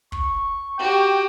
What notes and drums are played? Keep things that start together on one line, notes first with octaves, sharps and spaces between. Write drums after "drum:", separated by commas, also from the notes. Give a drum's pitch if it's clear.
C#6, drum: kick
F#4 G4 G5